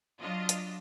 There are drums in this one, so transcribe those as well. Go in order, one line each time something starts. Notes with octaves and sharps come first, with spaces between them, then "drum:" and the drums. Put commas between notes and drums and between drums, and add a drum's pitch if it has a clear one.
F#3 D4 F4 D#5
drum: hi-hat